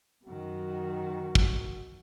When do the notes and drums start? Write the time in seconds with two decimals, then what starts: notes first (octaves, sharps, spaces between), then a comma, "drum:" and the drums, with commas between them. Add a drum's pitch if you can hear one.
0.25 F#2 D#3 F#4
1.35 drum: kick